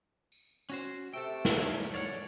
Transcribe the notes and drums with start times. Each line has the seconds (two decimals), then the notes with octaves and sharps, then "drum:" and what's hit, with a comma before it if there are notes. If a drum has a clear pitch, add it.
0.32 drum: tambourine
0.70 C#4 F#4 C5, drum: tambourine
1.14 C3 A3 A4 G5 E6
1.45 drum: snare
1.58 A#3 B3 G#4
1.83 drum: tambourine
1.94 C#5 D5 F5 F#5